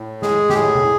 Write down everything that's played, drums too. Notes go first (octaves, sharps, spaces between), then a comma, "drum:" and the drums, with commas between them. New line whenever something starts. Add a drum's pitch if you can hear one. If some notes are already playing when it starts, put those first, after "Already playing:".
Already playing: A2
G#3 G#4, drum: snare
G4, drum: snare
A2 G#4
drum: tom C3